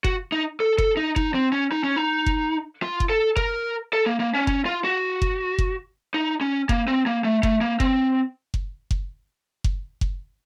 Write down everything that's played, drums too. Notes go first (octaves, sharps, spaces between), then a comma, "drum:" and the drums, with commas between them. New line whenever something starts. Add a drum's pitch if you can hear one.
F#4, drum: kick F#1
D#4
A4
A4, drum: kick F#1
D#4
D#4, drum: kick F#1
C4
C#4
D#4
C#4
D#4
drum: kick F#1
F4
drum: kick F#1
A4
A#4, drum: kick F#1
A4
A#3
A#3
C#4
C#4, drum: kick F#1
F4
F#4
drum: kick F#1
drum: kick F#1
D#4
C#4
A#3, drum: kick F#1
C4
A#3
A3
A3, drum: kick F#1
A#3
C4, drum: kick F#1
drum: kick F#1
drum: kick F#1
drum: kick F#1
drum: kick F#1